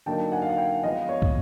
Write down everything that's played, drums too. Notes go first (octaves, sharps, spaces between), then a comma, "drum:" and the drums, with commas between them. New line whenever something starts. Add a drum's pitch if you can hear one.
D3 F#3 A#3 D#4 G5 A5
F#5 G#5
F5
F#5
F5 G5
F3 G#3 B3 D#5 F5
C#5
drum: kick